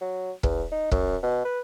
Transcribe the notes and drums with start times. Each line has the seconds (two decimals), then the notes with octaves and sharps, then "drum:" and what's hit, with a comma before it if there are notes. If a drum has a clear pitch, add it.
0.01 F#3
0.43 E2, drum: kick
0.71 D#4
0.91 F#2, drum: kick
1.23 B2
1.45 B4